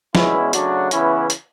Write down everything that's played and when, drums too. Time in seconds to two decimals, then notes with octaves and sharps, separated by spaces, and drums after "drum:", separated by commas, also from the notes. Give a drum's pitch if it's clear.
0.15 E2 B2 G#3 B3 C#4 E4, drum: snare
0.53 C#3 F#3 A3 D4 F#4, drum: hi-hat
0.91 C#3 E3 B3 C#4 E4, drum: hi-hat
1.30 drum: hi-hat